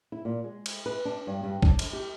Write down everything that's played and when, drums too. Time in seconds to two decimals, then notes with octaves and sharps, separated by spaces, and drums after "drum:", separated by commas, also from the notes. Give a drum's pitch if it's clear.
0.12 E4
0.25 A#2
0.44 G#3
0.66 drum: cymbal
0.86 B4
1.05 D4
1.27 G2
1.43 G2
1.62 D4, drum: kick
1.79 drum: cymbal
1.93 G4